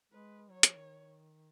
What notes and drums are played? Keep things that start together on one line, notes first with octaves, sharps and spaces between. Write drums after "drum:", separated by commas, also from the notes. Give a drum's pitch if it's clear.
G#3 B4
F#3 C#5
F3, drum: hi-hat
D#3